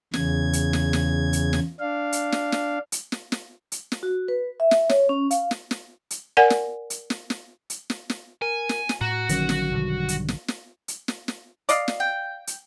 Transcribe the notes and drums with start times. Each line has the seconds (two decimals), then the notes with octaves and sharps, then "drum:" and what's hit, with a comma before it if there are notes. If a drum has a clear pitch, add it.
0.13 E2 C#3 G#6, drum: snare
0.53 drum: hi-hat
0.73 drum: snare
0.93 drum: snare
1.33 drum: hi-hat
1.53 drum: snare
1.80 D4 F5
2.12 drum: hi-hat
2.32 drum: snare
2.52 drum: snare
2.92 drum: hi-hat
3.12 drum: snare
3.32 drum: snare
3.72 drum: hi-hat
3.92 drum: snare
4.03 F#4
4.28 B4
4.60 E5
4.71 drum: snare
4.89 C#5, drum: snare
5.09 C#4
5.31 F5, drum: hi-hat
5.51 drum: snare
5.71 drum: snare
6.11 drum: hi-hat
6.37 A#4 D5 F#5 G#5
6.50 drum: snare
6.90 drum: hi-hat
7.10 drum: snare
7.30 drum: snare
7.70 drum: hi-hat
7.90 drum: snare
8.10 drum: snare
8.42 A#4 G#5
8.69 drum: snare
8.89 drum: snare
9.01 A2 F#4 A#5
9.29 A#1 D3 D#3 F#3 C#4, drum: hi-hat
9.49 drum: snare
9.72 G2 B2 D3
10.09 drum: hi-hat
10.28 drum: snare
10.48 drum: snare
10.88 drum: hi-hat
11.08 drum: snare
11.28 drum: snare
11.69 D5 D#5 F5, drum: hi-hat
11.88 drum: snare
12.00 G5
12.47 drum: hi-hat